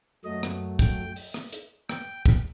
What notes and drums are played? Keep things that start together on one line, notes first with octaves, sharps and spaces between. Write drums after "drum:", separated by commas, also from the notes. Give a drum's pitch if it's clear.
F#2 F#3 A3 D#5
drum: rim click
G5, drum: kick, hi-hat
drum: open hi-hat
drum: rim click
drum: hi-hat
G5, drum: rim click
drum: kick